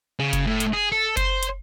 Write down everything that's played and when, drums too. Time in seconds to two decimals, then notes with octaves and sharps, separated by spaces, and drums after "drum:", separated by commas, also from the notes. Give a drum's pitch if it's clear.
0.19 C#3
0.33 drum: kick F#1, hi-hat
0.46 A2
0.60 drum: hi-hat
0.73 G#4
0.92 A4
1.17 C5, drum: kick F#1, hi-hat
1.43 drum: hi-hat